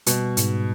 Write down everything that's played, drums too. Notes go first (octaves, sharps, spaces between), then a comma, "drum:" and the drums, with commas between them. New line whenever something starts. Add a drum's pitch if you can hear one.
B2 G3, drum: hi-hat
G#2, drum: hi-hat